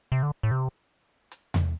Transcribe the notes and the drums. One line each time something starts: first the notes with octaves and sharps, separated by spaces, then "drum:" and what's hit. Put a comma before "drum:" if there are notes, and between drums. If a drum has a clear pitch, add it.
C3
D3
A2
C3
drum: hi-hat
drum: tom E2